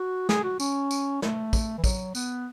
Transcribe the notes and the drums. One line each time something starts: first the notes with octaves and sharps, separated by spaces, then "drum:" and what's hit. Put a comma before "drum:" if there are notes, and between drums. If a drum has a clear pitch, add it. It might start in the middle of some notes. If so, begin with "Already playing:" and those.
Already playing: F#4
G#4, drum: snare
F#4
C#4, drum: tambourine
drum: tambourine
A3, drum: snare
drum: kick, tambourine
E3
F#3, drum: kick, tambourine
B3, drum: tambourine